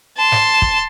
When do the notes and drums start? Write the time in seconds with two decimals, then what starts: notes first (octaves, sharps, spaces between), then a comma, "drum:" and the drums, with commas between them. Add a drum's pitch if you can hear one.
0.17 A5 C6
0.32 drum: snare
0.62 drum: kick